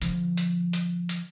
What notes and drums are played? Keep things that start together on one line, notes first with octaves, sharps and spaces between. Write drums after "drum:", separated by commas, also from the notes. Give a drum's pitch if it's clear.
D3 F3, drum: hi-hat
drum: hi-hat
drum: hi-hat
drum: hi-hat